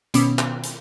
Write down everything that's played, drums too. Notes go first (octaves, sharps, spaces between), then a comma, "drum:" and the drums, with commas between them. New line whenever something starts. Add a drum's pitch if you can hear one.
B2 D#3 B3 C#4 D6, drum: hi-hat
drum: clap
drum: hi-hat